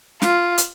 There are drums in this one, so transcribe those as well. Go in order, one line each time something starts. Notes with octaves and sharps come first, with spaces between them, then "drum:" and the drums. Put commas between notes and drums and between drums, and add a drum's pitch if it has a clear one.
F4, drum: snare
drum: hi-hat